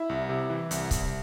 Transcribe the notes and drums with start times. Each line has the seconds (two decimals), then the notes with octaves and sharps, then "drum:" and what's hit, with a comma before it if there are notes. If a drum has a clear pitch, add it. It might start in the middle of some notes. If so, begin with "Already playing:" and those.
Already playing: E4 E5
0.09 C2
0.29 C3
0.50 E3
0.71 C2, drum: hi-hat
0.91 C2, drum: kick C#1, hi-hat